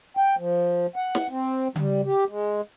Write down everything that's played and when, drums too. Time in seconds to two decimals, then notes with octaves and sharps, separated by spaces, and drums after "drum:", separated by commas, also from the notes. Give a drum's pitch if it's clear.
0.17 G5
0.37 F3
0.96 F#5
1.15 drum: snare
1.29 C4
1.76 G3, drum: tom C#3
2.05 G4
2.29 G#3